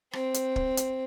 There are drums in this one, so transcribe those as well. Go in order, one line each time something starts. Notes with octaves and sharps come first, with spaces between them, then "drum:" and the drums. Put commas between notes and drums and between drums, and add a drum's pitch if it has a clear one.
C4, drum: rim click
drum: hi-hat
drum: kick
drum: hi-hat